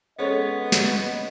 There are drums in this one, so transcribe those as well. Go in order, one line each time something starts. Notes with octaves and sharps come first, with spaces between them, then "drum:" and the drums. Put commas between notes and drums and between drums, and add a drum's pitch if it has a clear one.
G#3 B3 C#4 A4 B4 C#5 D#5
drum: snare